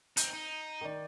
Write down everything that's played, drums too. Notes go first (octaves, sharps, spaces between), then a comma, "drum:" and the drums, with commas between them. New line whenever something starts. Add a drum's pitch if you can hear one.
C4 D#4 G6, drum: hi-hat
D#4
D#3 D5